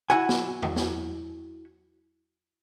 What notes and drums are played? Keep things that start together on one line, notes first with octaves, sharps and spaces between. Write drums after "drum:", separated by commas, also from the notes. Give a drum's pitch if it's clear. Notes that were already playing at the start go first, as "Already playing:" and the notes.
E4 F#4 F#5 G#5
drum: snare
drum: tom E2
drum: snare